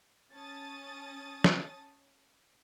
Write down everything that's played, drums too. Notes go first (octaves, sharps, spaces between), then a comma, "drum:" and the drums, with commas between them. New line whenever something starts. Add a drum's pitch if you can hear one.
C#4 A5 D#6 A6
drum: snare